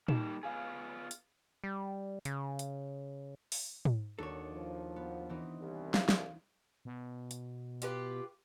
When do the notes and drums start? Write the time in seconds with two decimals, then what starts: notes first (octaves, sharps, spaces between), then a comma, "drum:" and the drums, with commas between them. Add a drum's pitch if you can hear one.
0.08 G3 A#3 D#4 E7, drum: tom
0.43 B3 F4 G#4 F5 G#5
1.11 drum: hi-hat
1.64 G3
2.25 C#3, drum: hi-hat
2.59 drum: hi-hat
3.52 drum: open hi-hat
3.85 drum: tom
4.19 D#2 D4 F#4 A4 C#5
4.51 F3
4.96 B3
5.30 E3 C4 D#4
5.60 C2
5.94 F5, drum: snare
6.09 drum: snare
6.85 B2
7.31 drum: hi-hat
7.82 F4 G4 B4, drum: hi-hat